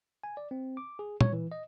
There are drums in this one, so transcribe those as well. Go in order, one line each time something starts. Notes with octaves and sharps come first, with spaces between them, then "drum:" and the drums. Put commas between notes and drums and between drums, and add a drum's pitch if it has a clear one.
G#5
D5
C4
D6
G#4
C#5, drum: tom
E3
D#5